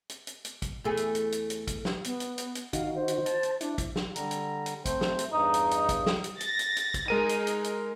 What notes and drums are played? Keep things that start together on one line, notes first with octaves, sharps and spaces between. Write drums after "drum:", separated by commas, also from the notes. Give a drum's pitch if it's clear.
drum: hi-hat
drum: hi-hat
drum: hi-hat
drum: kick, hi-hat
E2 A3 G#4
drum: hi-hat
drum: hi-hat
drum: hi-hat
drum: hi-hat
drum: kick, hi-hat
drum: snare
B3, drum: hi-hat
drum: hi-hat
drum: hi-hat
drum: hi-hat
D#3 D#4 F#4 F5, drum: kick, hi-hat
C5
drum: hi-hat
A5, drum: hi-hat
drum: hi-hat
D4 E4, drum: hi-hat
drum: kick, hi-hat
drum: snare
D3 G3 A#5, drum: hi-hat
drum: hi-hat
drum: hi-hat
A3 C4 C5, drum: kick, hi-hat
drum: snare
drum: hi-hat
E2 G2 D#4 D#6
drum: hi-hat
drum: hi-hat
drum: kick, hi-hat
drum: snare
drum: hi-hat
A6 A#6, drum: hi-hat
drum: hi-hat
drum: hi-hat
drum: kick, hi-hat
G#3 D#4 G#4 A#4 D#7
drum: hi-hat
drum: hi-hat
drum: hi-hat